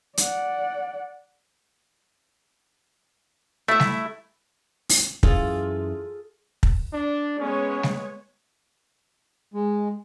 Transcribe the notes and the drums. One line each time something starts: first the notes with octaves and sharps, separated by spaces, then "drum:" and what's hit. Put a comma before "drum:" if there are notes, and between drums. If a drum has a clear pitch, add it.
D5 F#5, drum: hi-hat
A3 E4 E5
drum: snare G3
drum: open hi-hat
F#2 E3 F4 G#4 A4, drum: kick
drum: kick
D4
G#3 B3 C#4 C#5
drum: snare G3
G#3